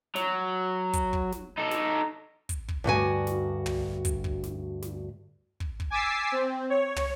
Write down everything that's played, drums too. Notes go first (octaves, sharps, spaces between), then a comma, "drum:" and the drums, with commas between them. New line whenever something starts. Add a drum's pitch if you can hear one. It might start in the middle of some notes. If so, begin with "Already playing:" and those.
F#3, drum: snare
drum: kick, hi-hat
drum: kick
drum: snare
D#4 A4
drum: snare
drum: kick, hi-hat
drum: kick
D2 G2 F#4 G#5
drum: snare
drum: tom
drum: kick, hi-hat
drum: kick
drum: snare
drum: snare
drum: kick
drum: kick
G#5 D6 E6 A6 B6 C7
C4
C#5
drum: tom